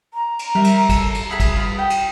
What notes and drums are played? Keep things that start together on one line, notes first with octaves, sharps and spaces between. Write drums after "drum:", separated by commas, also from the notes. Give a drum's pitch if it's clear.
A#5
drum: cymbal
G3 A#4 E5
drum: cymbal
A4, drum: kick, cymbal
drum: cymbal
E4 G#4 B5 D#6
drum: kick, cymbal
F4 B4 B5
G5
drum: cymbal